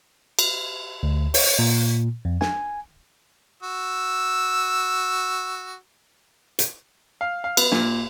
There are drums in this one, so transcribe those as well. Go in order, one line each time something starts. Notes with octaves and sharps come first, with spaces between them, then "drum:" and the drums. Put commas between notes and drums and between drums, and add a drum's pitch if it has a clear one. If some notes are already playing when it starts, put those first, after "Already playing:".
drum: cymbal
D2
C#5, drum: open hi-hat
A#2
F2
G#5, drum: snare
F#4 E6
drum: hi-hat
F5
F5
B3, drum: cymbal
A#2, drum: snare